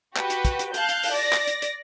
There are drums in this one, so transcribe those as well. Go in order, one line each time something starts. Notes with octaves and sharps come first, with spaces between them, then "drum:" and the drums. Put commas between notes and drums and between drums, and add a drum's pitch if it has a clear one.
F#4 G4 B4, drum: clap
drum: hi-hat
drum: kick, hi-hat
drum: hi-hat
F5 A5 F#6 G6, drum: hi-hat
drum: hi-hat
drum: open hi-hat
D5 A#6
drum: clap
drum: hi-hat
drum: hi-hat